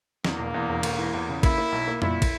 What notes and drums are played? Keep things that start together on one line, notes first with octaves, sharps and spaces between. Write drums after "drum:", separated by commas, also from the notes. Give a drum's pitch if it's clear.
E2 A#3, drum: snare
E1
E2
E1
E1, drum: cymbal
E3
E2
C#3
A#3 E4, drum: kick, cymbal
A#3
B1
A#3
A#2 E4, drum: tom F2
drum: kick, cymbal